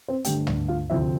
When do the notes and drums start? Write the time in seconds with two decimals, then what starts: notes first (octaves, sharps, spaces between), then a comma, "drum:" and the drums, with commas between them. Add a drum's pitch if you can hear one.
0.08 C4 C5
0.24 G2 D3 A3 G4 G5, drum: hi-hat
0.47 drum: tom
0.68 F4 F5
0.90 D2 C3 F3 C4 E4 E5